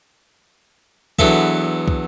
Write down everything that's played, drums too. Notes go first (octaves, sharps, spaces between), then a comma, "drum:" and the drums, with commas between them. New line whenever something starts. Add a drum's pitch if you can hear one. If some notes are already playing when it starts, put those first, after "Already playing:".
E2 F#3 B3 D4 A4 E5, drum: kick
drum: kick